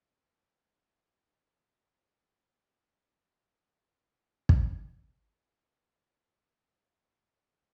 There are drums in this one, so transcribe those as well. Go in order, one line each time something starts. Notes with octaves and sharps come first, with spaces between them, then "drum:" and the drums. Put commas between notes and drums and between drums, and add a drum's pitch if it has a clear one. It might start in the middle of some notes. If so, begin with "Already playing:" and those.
B3
B2
D#5
D#3
B4 C5 B5 F6 C#7
A4
C#6
E5 F7
A#4 E6
B4 G#5
drum: kick
B4 F5 G#5 A#5
C6 D6
C4 C#4 A#4 E5 F5
D#4